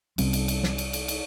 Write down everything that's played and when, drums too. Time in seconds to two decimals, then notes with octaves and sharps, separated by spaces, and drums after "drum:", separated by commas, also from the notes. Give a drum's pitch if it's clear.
0.18 C2 G3 C4 C#4, drum: cymbal
0.33 drum: cymbal
0.48 drum: cymbal
0.63 drum: snare
0.78 drum: cymbal
0.93 drum: cymbal
1.08 drum: cymbal